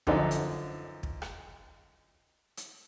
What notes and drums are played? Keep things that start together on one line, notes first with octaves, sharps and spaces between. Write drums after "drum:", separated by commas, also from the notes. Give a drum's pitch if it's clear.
F#2 D3 E3 F3 D#4, drum: kick
drum: hi-hat
drum: kick
drum: rim click
drum: hi-hat